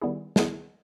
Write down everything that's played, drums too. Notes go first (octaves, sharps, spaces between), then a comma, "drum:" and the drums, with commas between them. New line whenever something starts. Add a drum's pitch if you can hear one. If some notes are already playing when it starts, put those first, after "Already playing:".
D#3 G3 B3 E4 G#4
D#3 G3 B3 E4 G#4, drum: snare